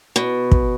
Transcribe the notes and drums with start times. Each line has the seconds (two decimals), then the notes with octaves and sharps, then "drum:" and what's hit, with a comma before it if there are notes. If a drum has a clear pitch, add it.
0.16 B2
0.52 drum: kick